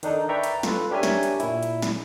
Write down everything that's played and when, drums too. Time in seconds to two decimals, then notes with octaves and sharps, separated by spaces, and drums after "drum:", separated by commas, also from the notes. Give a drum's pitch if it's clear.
0.03 D#3 D4 D#4 A4, drum: hi-hat
0.29 B4 D5 E5 G5 A#5 C#6
0.43 drum: hi-hat
0.63 F4 A4 B4, drum: snare
0.91 D4 G4 A#4 C#5 E5 G#5
1.03 drum: snare
1.23 drum: hi-hat
1.40 A#2 E4, drum: hi-hat
1.63 drum: hi-hat
1.82 drum: snare